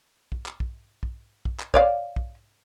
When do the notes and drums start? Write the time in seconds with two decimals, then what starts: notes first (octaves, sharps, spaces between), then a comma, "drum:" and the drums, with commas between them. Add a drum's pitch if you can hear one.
0.32 drum: kick
0.46 drum: clap
0.60 drum: kick
1.03 drum: kick
1.45 drum: kick
1.60 drum: clap
1.74 C#5 D5 F5, drum: kick
2.16 drum: kick